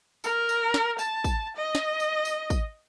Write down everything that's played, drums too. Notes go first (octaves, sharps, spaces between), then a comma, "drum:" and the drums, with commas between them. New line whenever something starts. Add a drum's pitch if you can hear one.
A#4, drum: tambourine
drum: tambourine
drum: snare
A5, drum: tambourine
drum: kick, tambourine
D#5
drum: snare
drum: tambourine
drum: tambourine
drum: kick, tambourine